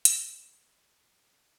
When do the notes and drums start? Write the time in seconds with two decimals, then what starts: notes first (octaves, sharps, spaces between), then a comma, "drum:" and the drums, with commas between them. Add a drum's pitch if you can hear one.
0.05 D6, drum: hi-hat